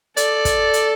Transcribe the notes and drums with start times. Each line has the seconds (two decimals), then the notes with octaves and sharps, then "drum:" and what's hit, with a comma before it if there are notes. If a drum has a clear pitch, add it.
0.17 A4 D5, drum: hi-hat
0.45 drum: kick, hi-hat
0.73 drum: hi-hat